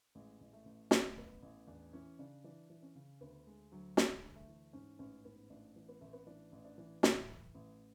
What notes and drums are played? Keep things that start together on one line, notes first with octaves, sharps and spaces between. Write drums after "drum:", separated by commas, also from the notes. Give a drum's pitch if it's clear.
A1 G#3
A1
A3
A1
A1 B3, drum: snare
A3
A1 B3
A1
E2 D4
E3 C#4
C#3 D4
E3 D4
E3
C#4
C#3
D2 B3
D2 G#3
D2 F#3
D2 G#3, drum: snare
D2
A3
E3
G#2 C#4
A1 C#4
G#2 B3
A1 D4
E3
B3
A1 A3
B3
E3 D4
A1
D4
E3
A2 E4, drum: snare
E3
A1